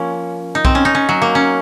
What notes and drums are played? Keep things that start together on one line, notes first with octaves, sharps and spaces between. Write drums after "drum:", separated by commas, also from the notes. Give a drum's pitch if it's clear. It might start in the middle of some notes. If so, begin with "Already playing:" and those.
Already playing: F3 A#3 C#4
D#4
C4, drum: kick B1
C#4
D#4
C#4
F#3
A#3
C#4